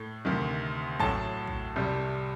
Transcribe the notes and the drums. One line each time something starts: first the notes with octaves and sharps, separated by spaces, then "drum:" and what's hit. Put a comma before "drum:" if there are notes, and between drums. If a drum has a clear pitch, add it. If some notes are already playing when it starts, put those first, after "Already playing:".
Already playing: A2 A3
D2 C3 D#3
A2 F#3 A3 A5, drum: kick A1
drum: kick A1
C2 C3 G3